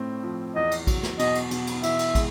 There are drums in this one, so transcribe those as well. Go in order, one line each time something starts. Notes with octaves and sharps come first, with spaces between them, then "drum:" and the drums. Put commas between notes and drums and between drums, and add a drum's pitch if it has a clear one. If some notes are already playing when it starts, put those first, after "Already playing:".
Already playing: A2 A3 C4
F3
E2 D#5
drum: cymbal
F#3, drum: kick, cymbal
drum: snare
B2 D#5, drum: cymbal
drum: cymbal
B2, drum: cymbal
drum: cymbal
E3 E5, drum: cymbal
drum: cymbal
G#3, drum: kick, cymbal